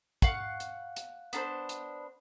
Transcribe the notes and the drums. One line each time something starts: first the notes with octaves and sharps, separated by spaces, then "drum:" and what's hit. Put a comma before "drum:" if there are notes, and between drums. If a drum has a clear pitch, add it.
F5 F#5 C#6, drum: kick, hi-hat
drum: hi-hat
drum: hi-hat
B3 D4 A4 C5, drum: hi-hat
drum: hi-hat